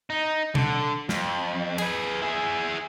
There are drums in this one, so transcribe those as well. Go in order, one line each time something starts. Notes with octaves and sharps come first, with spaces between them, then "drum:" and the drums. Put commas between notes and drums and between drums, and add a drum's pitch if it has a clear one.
D#4
D3, drum: tom B2
F2, drum: snare
G#4 B4, drum: cymbal
E4 G#4